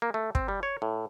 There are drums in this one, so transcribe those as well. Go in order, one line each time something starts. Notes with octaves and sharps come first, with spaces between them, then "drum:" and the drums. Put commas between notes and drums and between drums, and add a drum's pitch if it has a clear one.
A#3
A3
C4, drum: kick
G3
C#5
A2